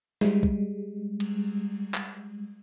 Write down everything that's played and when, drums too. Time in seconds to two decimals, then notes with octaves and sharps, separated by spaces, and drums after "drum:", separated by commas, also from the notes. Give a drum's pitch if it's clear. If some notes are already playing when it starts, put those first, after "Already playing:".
0.21 G3 G#3, drum: snare
0.43 drum: kick
1.20 drum: cymbal
1.94 drum: clap